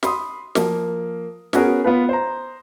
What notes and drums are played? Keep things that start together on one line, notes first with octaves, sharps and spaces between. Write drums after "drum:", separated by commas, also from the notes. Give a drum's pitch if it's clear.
B5 C6 D#6, drum: snare
F3 A#3, drum: snare
B3 C#4 F#4 G#4 A#4, drum: snare
B3 F4 B4
C5 A#5